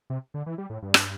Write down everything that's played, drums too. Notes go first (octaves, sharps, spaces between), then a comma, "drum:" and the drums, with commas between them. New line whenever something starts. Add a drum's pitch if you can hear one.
C3
D3
E3
G3
A2
G2
drum: rim click